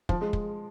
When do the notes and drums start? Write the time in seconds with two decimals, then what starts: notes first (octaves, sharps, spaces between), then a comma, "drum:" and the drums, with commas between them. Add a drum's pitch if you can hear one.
0.09 F3, drum: kick
0.21 G#3
0.33 drum: kick